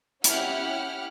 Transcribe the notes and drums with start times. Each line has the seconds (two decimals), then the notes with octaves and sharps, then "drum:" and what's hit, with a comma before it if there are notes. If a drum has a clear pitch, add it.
0.24 C#4 E4 G4 F#5 F6 F#6, drum: hi-hat